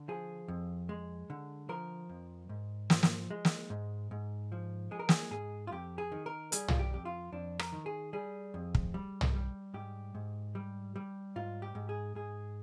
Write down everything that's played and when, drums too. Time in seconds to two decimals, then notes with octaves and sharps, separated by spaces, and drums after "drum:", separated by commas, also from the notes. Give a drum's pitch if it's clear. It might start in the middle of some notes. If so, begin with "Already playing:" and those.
Already playing: D3
0.08 F3 G#4
0.48 F2
0.89 G#3
1.30 D3
1.69 F3 A#4
2.09 F2
2.49 G#2
2.90 F3, drum: snare
3.03 drum: snare
3.31 G#3
3.45 drum: snare
3.70 G#2
4.11 G#2
4.52 F3
4.91 G#3 G#4
4.99 A#4
5.09 G#4, drum: snare
5.31 G#2 G#4
5.67 F4
5.72 F2 G4
5.98 G#4
6.12 D#3
6.26 A#4
6.52 G3 G#4, drum: hi-hat
6.68 F4, drum: tom
6.79 G4
6.93 F2 G4
7.05 F4
7.32 F2 D4
7.59 A#4, drum: rim click
7.72 D#3
7.86 G#4
8.13 G3 G#4
8.54 F2
8.75 drum: kick
8.94 G3
9.21 drum: tom
9.34 G3
9.74 G#2 G4
10.15 G#2
10.55 G3
10.96 G3
11.36 G#2 F4
11.62 G4
11.75 G#2
11.89 G#4
12.15 G#2 G#4